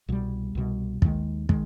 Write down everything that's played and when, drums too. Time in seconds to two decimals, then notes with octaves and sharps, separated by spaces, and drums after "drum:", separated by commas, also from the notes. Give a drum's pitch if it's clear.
0.08 C2 B2 G3
0.55 C2 B2 G3
1.02 D#2 D#3 G#3, drum: kick
1.49 D#3 G#3, drum: kick